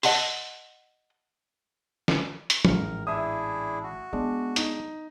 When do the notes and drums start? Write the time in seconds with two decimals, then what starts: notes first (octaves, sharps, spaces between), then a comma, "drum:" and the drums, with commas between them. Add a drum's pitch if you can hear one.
0.03 D#5 F#5 A5 C6, drum: open hi-hat
2.08 drum: snare
2.50 drum: hi-hat
2.65 A1 G#2 A#4, drum: tom
3.07 D4 E4 G#4 E5 D#6
3.84 F#4
4.13 G#3 B3 D4
4.56 D#4, drum: hi-hat